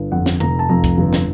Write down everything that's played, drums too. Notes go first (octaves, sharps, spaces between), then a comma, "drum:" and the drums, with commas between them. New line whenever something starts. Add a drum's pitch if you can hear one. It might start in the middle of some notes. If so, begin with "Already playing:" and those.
Already playing: G1
F2 F#5
drum: snare
F1 A#5, drum: tom D3
A5
F2 A#5
drum: kick, hi-hat
G1
drum: snare